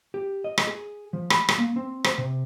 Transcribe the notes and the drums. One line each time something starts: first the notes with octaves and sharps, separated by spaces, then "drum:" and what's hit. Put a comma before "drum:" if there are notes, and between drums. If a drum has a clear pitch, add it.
G4
D#5
drum: rim click
G#4
F3
B5, drum: rim click
drum: rim click
A#3
C4
C5, drum: rim click
C3